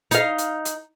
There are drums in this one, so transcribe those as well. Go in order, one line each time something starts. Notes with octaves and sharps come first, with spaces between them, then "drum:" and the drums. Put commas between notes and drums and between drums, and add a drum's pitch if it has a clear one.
D#4 F5, drum: hi-hat
drum: hi-hat
drum: hi-hat